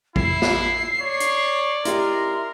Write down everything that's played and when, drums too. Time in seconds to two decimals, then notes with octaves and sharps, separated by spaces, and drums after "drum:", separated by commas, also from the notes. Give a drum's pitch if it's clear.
0.16 E4 C7, drum: kick A1
0.42 drum: snare
1.01 C#5 D5
1.20 drum: hi-hat
1.85 E4 G4 A#4 D#5 C6, drum: hi-hat